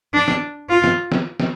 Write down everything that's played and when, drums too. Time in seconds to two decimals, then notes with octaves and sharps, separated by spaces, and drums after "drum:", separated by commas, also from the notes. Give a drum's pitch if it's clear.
0.14 D4
0.28 drum: snare
0.69 F4
0.84 drum: snare
1.12 drum: snare
1.40 drum: snare